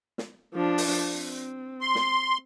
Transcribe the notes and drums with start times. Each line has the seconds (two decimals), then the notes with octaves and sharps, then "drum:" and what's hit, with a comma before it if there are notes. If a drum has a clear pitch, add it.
0.18 drum: snare
0.54 F3 D4
0.78 drum: open hi-hat
1.16 C4
1.81 C6
1.95 drum: snare